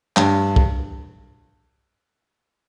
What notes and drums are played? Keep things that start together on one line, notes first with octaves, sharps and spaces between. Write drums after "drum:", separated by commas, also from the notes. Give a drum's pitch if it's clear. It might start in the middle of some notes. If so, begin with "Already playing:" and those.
G2, drum: clap
drum: kick